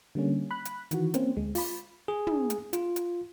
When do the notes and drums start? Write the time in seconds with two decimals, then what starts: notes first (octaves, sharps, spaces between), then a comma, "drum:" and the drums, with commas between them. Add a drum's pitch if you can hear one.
0.15 D3 G3 A#3 C#4
0.51 B5 F#6
0.65 drum: hi-hat
0.91 D#3 E3 F#4, drum: hi-hat
1.14 A#3 C4 C#4, drum: hi-hat
1.37 D2 G#3
1.55 F4 B5, drum: open hi-hat
2.08 G#4
2.27 drum: tom
2.50 drum: hi-hat
2.73 F4, drum: hi-hat
2.96 drum: hi-hat